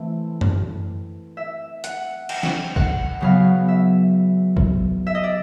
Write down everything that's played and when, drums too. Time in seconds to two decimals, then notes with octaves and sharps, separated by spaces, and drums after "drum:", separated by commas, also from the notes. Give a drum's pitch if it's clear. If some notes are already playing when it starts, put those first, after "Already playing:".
Already playing: E3 A3 C4
0.41 drum: tom F#2
1.37 E5
1.84 F#5, drum: hi-hat
2.29 G5, drum: cymbal
2.43 drum: snare
2.76 F#5, drum: kick
3.21 C#3 F#3 B3 F5
3.68 E5
4.57 drum: kick
5.07 E5
5.15 D#5
5.23 D5